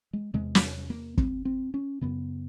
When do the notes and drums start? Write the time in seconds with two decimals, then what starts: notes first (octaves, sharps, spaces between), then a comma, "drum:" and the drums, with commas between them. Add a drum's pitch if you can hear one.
0.13 G#3
0.34 E2 C3 G#3
0.55 drum: snare
0.90 A#3
1.18 C4, drum: kick
1.45 C4
1.74 C#4
2.01 F#2 C#3 B3